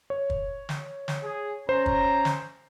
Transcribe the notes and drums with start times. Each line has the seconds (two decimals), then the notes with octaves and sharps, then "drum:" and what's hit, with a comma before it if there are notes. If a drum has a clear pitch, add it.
0.10 C#5
0.30 drum: kick
0.69 drum: snare
1.08 drum: snare
1.23 G#4
1.69 C#4 C5 C#5 A#5
1.86 drum: kick
2.25 drum: snare